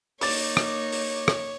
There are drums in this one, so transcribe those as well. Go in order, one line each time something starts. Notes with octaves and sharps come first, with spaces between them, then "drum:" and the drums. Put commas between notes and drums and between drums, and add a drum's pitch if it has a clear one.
A#3 D#4 C#5 D6 A6, drum: open hi-hat
drum: rim click
drum: open hi-hat
drum: rim click